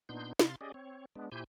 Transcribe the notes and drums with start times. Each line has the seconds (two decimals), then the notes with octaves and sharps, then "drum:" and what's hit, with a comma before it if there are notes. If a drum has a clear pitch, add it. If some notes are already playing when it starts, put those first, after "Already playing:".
0.09 A#2 B3 D4 D#4 C6 G6
0.39 C3 F5 C6 A6, drum: snare
0.61 C#4 G4 G#4 D5 D#5
0.74 C4 C#5
1.16 G#3 B3 D4
1.32 A#2 E4 G4 C5 G#5 G6